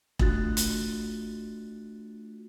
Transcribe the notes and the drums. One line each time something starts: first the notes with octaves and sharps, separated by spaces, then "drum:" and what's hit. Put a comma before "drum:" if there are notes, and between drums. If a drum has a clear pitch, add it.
A3 D4 F4 F#4 F#6 A6, drum: kick E1
drum: hi-hat